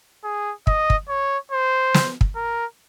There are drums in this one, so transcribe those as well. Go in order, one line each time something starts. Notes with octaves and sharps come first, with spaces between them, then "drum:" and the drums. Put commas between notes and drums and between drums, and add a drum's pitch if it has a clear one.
G#4
D#5, drum: kick
drum: kick
C#5
C5
drum: snare
drum: kick
A#4